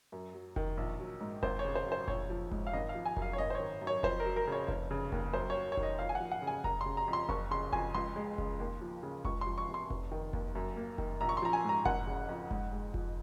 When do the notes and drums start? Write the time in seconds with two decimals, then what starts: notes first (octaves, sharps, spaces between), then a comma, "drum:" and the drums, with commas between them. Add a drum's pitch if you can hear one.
0.12 F#2
0.34 F#3
0.56 D#3, drum: kick F1
0.77 A#1
1.00 F#3
1.21 G#2
1.43 G#1 C5, drum: kick F1
1.59 C#5
1.65 C#3
1.75 C5
1.86 F#2
1.92 C5
2.08 A#1 C#5, drum: kick F1
2.30 F3
2.52 G#2, drum: kick F1
2.67 F5
2.73 G#1 D#5
2.89 F5
2.95 F3
3.05 G#5
3.17 F#2, drum: kick F1
3.22 F5
3.33 C#5
3.38 G#1 D#5
3.50 C5
3.55 D#3 C#5
3.82 F#2
3.87 C#5
4.03 F2 C5, drum: kick F1
4.20 A#4
4.26 F#3
4.36 A#4
4.47 C#3 C#5
4.68 F1, drum: kick F1
4.91 C#3
5.12 D#2, drum: kick F1
5.34 F#2 C5
5.50 C#5
5.55 F#3
5.72 C#5
5.77 D#3, drum: kick F1
5.83 D#5
5.99 F2 F5
6.09 G#5
6.15 F#5
6.21 F3
6.32 F#5
6.42 C#3
6.47 G#5
6.64 F#1 A#5, drum: kick F1
6.81 C6
6.86 C#3
6.97 A#5
7.08 F2
7.13 C6
7.29 F#1 C#6, drum: kick F1
7.51 C#3 C6
7.73 F2 G#5, drum: kick F1
7.94 C#2 C6
8.16 G#3
8.38 C#3, drum: kick F1
8.60 D#2
8.81 F3
9.03 C#3
9.25 C#2 C#6, drum: kick F1
9.41 C6
9.47 F3
9.58 C#6
9.68 C3
9.74 C6
9.90 F1, drum: kick F1
10.11 D#3
10.33 D#2, drum: kick F1
10.55 F#2
10.77 A#3
10.98 D#3, drum: kick F1
11.21 A#1 A#5
11.29 C#6
11.37 C6
11.42 F3 A#5
11.53 G#5
11.64 G#2 A#5
11.85 F#1 F#5, drum: kick F1
12.07 C#3
12.29 F2
12.51 G#2, drum: kick F1
12.72 G#3
12.94 F3, drum: kick F1